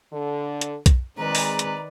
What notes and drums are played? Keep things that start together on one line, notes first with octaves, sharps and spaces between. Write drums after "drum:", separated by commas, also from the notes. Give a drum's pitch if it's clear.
D3
drum: hi-hat
drum: kick B1, hi-hat
D#3 G#3 C4 B4 D5 A#5
drum: open hi-hat
drum: hi-hat